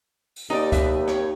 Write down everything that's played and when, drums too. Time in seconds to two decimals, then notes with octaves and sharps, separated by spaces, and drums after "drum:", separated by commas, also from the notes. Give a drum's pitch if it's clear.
0.36 drum: open hi-hat
0.50 D#2 D#4 D5
0.72 B2 E5, drum: kick C#2, hi-hat
1.08 C#5, drum: rim click